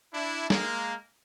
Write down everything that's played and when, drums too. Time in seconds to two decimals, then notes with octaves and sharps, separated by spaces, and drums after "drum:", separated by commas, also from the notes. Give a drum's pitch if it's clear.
0.14 D4 E4
0.50 G#3 A#3, drum: snare